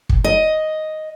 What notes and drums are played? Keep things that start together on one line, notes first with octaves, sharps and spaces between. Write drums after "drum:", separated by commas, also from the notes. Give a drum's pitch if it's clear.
drum: kick
D#5